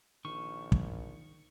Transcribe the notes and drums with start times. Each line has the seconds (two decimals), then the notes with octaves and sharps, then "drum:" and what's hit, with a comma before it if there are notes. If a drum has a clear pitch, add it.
0.25 A#1 D#3 C#6
0.72 drum: kick